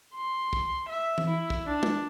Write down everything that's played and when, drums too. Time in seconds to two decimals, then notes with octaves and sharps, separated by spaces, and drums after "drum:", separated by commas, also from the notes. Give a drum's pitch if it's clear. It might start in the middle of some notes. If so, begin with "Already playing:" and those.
0.15 C6
0.53 drum: kick
0.89 E5
1.18 drum: tom E3
1.27 E4
1.50 drum: kick
1.66 D4
1.83 drum: tom G#3